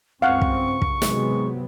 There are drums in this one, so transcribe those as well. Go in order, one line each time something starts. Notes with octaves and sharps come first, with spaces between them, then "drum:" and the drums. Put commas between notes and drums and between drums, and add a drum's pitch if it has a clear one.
C#2 G2 C4 F5 F#5 C#6
drum: kick
drum: kick
C3 D#3 F#3 G#3 B3, drum: snare